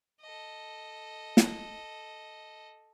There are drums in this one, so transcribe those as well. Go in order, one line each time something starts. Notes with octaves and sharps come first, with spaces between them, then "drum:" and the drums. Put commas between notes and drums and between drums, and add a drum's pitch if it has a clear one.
A4 D#5
drum: snare